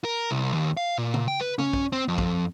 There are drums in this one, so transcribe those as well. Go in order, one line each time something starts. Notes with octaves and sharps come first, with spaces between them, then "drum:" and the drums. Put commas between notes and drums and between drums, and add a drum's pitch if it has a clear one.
A#4
C2
D#2
F5
A#2
drum: tom
G5
B4
C#4, drum: tom
drum: kick
C4
F2
drum: kick